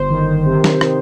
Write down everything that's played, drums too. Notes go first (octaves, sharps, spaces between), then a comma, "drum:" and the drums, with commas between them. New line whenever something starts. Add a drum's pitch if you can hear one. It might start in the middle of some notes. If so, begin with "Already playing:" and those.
Already playing: G1 C5
D#3
C3
drum: snare
D#3, drum: rim click